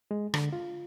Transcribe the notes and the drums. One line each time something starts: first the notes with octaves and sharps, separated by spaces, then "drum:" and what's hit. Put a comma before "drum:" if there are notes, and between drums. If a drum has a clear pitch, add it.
G#3
D3, drum: rim click
F4